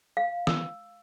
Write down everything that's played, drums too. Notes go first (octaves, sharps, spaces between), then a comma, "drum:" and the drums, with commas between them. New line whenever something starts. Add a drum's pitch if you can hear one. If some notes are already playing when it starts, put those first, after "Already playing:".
F5
E6, drum: snare